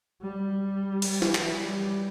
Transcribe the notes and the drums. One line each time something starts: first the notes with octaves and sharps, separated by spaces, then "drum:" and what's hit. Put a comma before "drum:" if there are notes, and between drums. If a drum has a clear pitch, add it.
G3
drum: cymbal
E3, drum: snare
drum: clap
G3